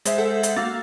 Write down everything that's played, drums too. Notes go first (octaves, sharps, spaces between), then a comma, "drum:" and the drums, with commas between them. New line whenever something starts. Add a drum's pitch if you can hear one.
G#3 C5 E5, drum: hi-hat
A4 F#5 G6
drum: hi-hat
A#3 F#4 F5 E6 A6